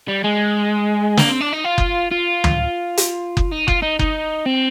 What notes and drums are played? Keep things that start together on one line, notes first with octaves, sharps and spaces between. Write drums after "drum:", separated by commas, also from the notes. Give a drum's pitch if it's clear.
G3
G#3
A#3, drum: snare
C4
D4
D#4
F4
drum: kick F#1
F4
drum: tom
drum: hi-hat
drum: kick F#1
D#4
F4, drum: kick F#1
D#4
D#4, drum: kick F#1
C4